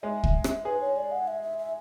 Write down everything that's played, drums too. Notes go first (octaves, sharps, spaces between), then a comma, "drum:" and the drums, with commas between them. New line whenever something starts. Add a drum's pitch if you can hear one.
G#3 E5
drum: kick
drum: rim click
G#4 B4
C#5
D5
F#5
E5
E5
E5